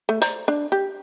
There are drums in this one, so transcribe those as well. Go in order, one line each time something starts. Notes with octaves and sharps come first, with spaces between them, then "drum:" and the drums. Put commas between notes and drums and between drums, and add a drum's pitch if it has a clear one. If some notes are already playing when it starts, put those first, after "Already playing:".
A3
C5 D5 A#5, drum: hi-hat
D4
G4